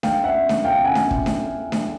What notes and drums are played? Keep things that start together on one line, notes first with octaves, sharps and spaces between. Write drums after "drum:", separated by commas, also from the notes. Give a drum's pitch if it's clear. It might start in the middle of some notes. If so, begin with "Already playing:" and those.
F5 G5, drum: snare D4
E5 F#5
drum: snare D4
F5 G5
F#5 G#5
drum: snare D4
drum: kick
drum: snare D4
drum: snare D4